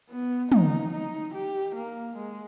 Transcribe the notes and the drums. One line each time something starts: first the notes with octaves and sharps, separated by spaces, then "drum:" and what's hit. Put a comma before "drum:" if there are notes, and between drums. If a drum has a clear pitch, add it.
B3
D#4, drum: tom
D#4
G4
A#3
G#3